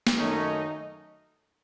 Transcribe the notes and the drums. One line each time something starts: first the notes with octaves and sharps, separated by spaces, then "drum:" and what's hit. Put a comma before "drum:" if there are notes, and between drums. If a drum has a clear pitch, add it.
drum: snare
F#2 D#3 A3 C#4 D#4